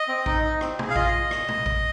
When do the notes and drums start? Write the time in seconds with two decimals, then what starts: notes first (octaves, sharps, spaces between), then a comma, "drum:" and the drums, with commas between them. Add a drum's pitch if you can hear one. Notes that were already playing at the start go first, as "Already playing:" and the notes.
Already playing: D#5
0.08 C4
0.26 D#4, drum: kick
0.44 D#4
0.61 C4, drum: rim click
0.79 G#4, drum: tom
0.90 F5
0.96 F4 D#5, drum: kick
1.31 drum: rim click
1.48 drum: tom
1.66 drum: kick